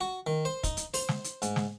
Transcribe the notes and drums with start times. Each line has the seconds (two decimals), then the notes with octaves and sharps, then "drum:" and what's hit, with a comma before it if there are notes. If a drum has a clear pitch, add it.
0.01 F#4
0.27 D#3
0.45 C5
0.64 D#4, drum: kick, hi-hat
0.77 drum: hi-hat
0.94 C5, drum: open hi-hat
1.09 drum: snare
1.24 drum: hi-hat
1.42 G#2, drum: hi-hat
1.56 drum: snare